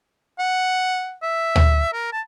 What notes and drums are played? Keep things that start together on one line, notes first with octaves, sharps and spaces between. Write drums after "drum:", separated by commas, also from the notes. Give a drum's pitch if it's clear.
F#5
E5
drum: tom
A#4
A5